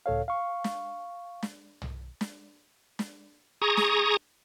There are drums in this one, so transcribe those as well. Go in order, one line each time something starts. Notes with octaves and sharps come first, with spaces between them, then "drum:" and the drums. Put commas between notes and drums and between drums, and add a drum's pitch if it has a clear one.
C#2 A2 A4 C#5 F5
F5 C#6
drum: snare
drum: snare
drum: tom
drum: snare
drum: snare
G#4 A#5 C#6 D#6
drum: snare